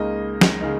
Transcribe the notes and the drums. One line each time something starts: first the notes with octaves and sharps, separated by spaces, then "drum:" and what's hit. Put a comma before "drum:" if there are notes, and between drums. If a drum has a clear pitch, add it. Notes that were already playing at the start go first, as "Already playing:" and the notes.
Already playing: C#2 C#3 A#3 D#4 D#5
drum: snare
C#3 A#3 D#4